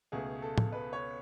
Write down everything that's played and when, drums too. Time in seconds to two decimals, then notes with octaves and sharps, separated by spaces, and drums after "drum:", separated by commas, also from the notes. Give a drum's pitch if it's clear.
0.12 C#2 B2 A3 G#4
0.42 A4
0.58 drum: tom A2
0.73 B4
0.93 C#5